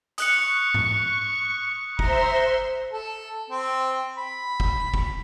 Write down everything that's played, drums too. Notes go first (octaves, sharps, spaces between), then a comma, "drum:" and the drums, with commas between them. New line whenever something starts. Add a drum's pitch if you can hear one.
C#6 D#6 F#6 C#7, drum: hi-hat
drum: tom G#2
C5 E5 A#5 C6, drum: kick
A4
C4
B5
drum: kick
drum: kick